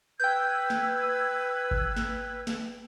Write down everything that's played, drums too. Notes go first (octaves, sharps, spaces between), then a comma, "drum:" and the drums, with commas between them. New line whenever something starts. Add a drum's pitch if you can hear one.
B4 G5 E6 G6 G#6
drum: snare
drum: kick G#1
drum: snare
drum: snare